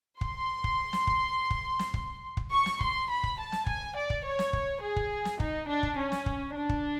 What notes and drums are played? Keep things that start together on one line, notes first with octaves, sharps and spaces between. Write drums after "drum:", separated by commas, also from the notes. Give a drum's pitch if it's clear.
C6, drum: kick
drum: kick
drum: snare
drum: kick
drum: kick
drum: snare
drum: kick
drum: kick
C#6
drum: snare
C6, drum: kick
B5
drum: kick
A5
drum: snare
G#5, drum: kick
D5
drum: kick
C#5
drum: snare
drum: kick
G#4
drum: kick
drum: snare
D#4, drum: kick
D4
drum: kick
C#4
drum: snare
drum: kick
D4
drum: kick